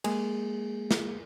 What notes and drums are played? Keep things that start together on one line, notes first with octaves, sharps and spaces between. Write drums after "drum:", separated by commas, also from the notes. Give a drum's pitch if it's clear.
G#3 A#3 G#4, drum: cymbal
drum: snare